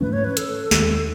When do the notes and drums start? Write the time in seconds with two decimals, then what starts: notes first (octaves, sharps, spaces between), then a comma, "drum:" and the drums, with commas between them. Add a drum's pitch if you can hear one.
0.01 G#2 E3 A3 C#4 B4
0.13 C#5
0.24 B4
0.37 A4, drum: hi-hat
0.71 D#2 D#3 G#3, drum: snare